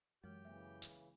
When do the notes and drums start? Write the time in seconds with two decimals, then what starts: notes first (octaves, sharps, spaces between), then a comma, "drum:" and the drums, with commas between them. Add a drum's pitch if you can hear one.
0.24 F#2 E3 G#3 G4
0.45 C#3 E3 A#3 E5
0.82 drum: hi-hat